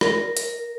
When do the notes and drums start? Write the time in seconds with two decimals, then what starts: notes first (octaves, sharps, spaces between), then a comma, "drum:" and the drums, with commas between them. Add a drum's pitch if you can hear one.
0.01 A#4, drum: rim click
0.37 drum: hi-hat